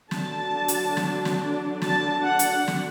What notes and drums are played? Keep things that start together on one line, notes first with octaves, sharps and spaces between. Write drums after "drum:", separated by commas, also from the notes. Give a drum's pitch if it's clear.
D3 F#3 D4 A5, drum: snare
drum: hi-hat
drum: snare
drum: snare
A5, drum: snare
F#5
drum: hi-hat
drum: snare